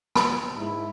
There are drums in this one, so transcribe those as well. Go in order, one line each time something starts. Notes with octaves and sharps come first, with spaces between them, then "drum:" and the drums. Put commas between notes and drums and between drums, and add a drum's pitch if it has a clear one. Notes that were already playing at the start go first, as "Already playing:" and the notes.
B5, drum: rim click
G#2 E4